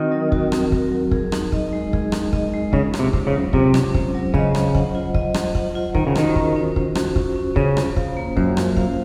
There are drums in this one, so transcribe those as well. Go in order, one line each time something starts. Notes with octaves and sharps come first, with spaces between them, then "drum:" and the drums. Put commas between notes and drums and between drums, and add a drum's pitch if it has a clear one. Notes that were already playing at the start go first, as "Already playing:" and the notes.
Already playing: D#3 C4 F#4 A#4
F#3
F#4, drum: kick
C4, drum: rim click
A#4, drum: kick
F#3
G#4, drum: kick
D#4, drum: rim click
D#5, drum: kick
G#3
G#4, drum: kick
D#4, drum: rim click
D#5, drum: kick
G#3
C#3 F4, drum: kick
C#4, drum: rim click
C3
C5, drum: kick
C#3
F#3
C3 F4, drum: kick
C#4, drum: rim click
C5, drum: kick
F#3
C#3 D#5, drum: kick
C5, drum: rim click
F#5, drum: kick
F4
D#5, drum: kick
C5, drum: rim click
F#5, drum: kick
F4
D#3 C5, drum: kick
C#3
D#3 F#4, drum: rim click
C#4, drum: kick
C#4
C5, drum: kick
F#4, drum: rim click
C#4, drum: kick
C#4
C#3 C5, drum: kick
F4, drum: rim click
F5, drum: kick
A#3
F#2 C5, drum: kick
F4, drum: rim click
F5, drum: kick